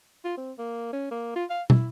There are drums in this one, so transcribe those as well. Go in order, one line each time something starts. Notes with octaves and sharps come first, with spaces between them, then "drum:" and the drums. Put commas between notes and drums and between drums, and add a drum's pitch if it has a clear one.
F4
C4
A#3
C#4
A#3
F4
F5
E4, drum: tom